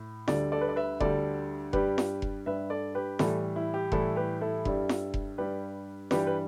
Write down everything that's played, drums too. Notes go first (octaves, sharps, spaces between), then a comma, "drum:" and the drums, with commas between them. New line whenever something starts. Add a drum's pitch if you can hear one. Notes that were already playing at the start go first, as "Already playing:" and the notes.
Already playing: A2
D2 D3 G3 A4 D5, drum: snare
A4 D5
B4
D5
B4 E5
D2 D3 G3 A4 D5, drum: kick F1
G2 G3 G4 B4, drum: kick F1
drum: snare
drum: kick F1
G2 G3 B4 E5
A4 D5
G4 B4
A2 E3 G3 E4 A4, drum: snare
E4
G4
A2 E3 G3 E4 A4, drum: kick F1
G4 B4
E4 A4
G2 G3, drum: kick F1
drum: snare
drum: kick F1
G2 G3 G4 B4
G2 E3 G3 G4 B4, drum: snare
B4